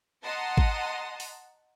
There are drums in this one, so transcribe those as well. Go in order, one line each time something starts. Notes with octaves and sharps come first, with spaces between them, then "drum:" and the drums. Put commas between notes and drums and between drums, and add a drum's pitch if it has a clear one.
D#5 F#5 A5 A#5 C6 D#6
drum: kick G#1
drum: open hi-hat